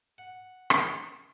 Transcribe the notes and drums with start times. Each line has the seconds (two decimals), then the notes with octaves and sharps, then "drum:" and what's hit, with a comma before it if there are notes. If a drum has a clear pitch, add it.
0.18 F#5
0.70 drum: rim click